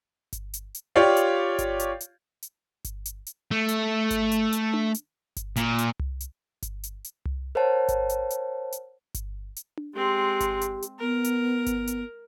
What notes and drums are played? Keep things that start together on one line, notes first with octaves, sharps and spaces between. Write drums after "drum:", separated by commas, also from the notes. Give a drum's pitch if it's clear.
drum: kick G1, hi-hat
drum: hi-hat
drum: hi-hat
F4 G4 C#5 D5 F5
drum: hi-hat
drum: kick G1, hi-hat
drum: hi-hat
drum: hi-hat
drum: hi-hat
drum: kick G1, hi-hat
drum: hi-hat
drum: hi-hat
A3
drum: hi-hat
drum: kick G1, hi-hat
drum: hi-hat
drum: hi-hat
drum: tom D4
drum: hi-hat
drum: kick G1, hi-hat
A#2, drum: hi-hat
drum: hi-hat
drum: tom C2
drum: hi-hat
drum: kick G1, hi-hat
drum: hi-hat
drum: hi-hat
drum: tom C2
A#4 C5 C#5 F#5 A5
drum: kick G1, hi-hat
drum: hi-hat
drum: hi-hat
drum: hi-hat
drum: kick G1, hi-hat
drum: hi-hat
drum: tom D4
G#3 C4 G4
drum: kick G1, hi-hat
drum: hi-hat
drum: hi-hat
B3 A#4
drum: hi-hat
drum: kick G1, hi-hat
drum: hi-hat